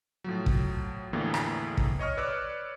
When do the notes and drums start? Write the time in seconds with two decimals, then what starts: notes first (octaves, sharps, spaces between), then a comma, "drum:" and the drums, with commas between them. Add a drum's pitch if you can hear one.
0.24 A2 F3 F#3
0.46 drum: kick
1.13 E2 A2 D3 E3 F3 A#3
1.34 drum: rim click
1.77 drum: kick
1.99 C#5 D#5 C#6 F6
2.17 B4 C#5 D5 D6 E6 F#6